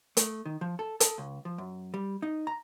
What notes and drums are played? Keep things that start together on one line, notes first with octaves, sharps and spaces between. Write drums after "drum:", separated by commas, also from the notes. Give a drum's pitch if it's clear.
A3, drum: hi-hat
D#3
F3
A4
A4, drum: hi-hat
C#2
F3
F#2
G3
D#4
A#5